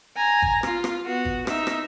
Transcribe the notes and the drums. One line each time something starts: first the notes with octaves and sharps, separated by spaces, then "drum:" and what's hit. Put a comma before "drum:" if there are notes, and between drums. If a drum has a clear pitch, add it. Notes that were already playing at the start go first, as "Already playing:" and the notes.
G#5 A#5
drum: kick G#1
F4, drum: rim click
drum: rim click
B3 F#4
drum: kick G#1
D#4 E5, drum: rim click
drum: rim click